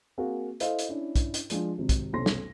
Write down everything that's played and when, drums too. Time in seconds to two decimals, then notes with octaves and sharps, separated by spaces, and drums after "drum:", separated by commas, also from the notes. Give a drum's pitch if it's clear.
0.18 A#3 C4 F#4 G#4 F5
0.60 E4 A4 C5 D#5 F5, drum: hi-hat
0.79 drum: hi-hat
0.89 C#4 D4 E4
1.16 drum: kick, hi-hat
1.34 drum: hi-hat
1.50 F3 G#3 D4 F4, drum: hi-hat
1.78 G#1 C3
1.89 drum: kick, hi-hat
2.13 F1 B1 C#4 C5 C6 A#6
2.26 drum: snare